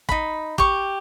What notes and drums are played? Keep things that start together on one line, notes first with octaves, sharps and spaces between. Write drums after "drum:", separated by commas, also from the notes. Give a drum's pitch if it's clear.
D#4 B5, drum: kick
G4 C#6, drum: kick